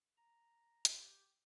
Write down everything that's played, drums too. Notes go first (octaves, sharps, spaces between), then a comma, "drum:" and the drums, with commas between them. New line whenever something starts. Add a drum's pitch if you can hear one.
A#5
G4, drum: hi-hat